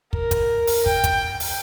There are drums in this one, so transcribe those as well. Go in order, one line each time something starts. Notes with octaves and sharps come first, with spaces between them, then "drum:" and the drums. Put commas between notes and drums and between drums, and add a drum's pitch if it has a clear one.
A#4, drum: kick
drum: kick, hi-hat
drum: open hi-hat
G5, drum: kick
drum: kick, hi-hat
drum: open hi-hat